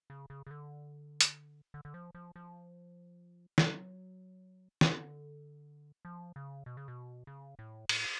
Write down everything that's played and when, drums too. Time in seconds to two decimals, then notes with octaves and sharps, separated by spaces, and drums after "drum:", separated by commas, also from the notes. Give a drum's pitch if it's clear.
0.10 C#3
0.30 C#3
0.47 C#3
0.51 D3
1.21 drum: hi-hat
1.74 D3
1.85 D3
1.94 F3
2.15 F3
2.36 F3
3.58 F#3, drum: snare
4.81 D3, drum: snare
6.05 F3
6.36 C#3
6.66 B2
6.77 C#3
6.88 B2
7.27 C#3
7.59 A2
7.89 A2, drum: cymbal